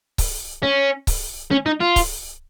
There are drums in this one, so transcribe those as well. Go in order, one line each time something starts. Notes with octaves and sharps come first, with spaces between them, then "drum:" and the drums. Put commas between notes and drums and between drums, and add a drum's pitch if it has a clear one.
drum: kick C#1, open hi-hat
C#4
drum: kick C#1, open hi-hat
C#4
D#4
F4
drum: kick C#1, open hi-hat